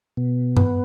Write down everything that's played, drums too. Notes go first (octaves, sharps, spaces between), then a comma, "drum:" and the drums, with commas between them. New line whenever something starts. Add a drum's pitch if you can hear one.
B2
B3, drum: tom G2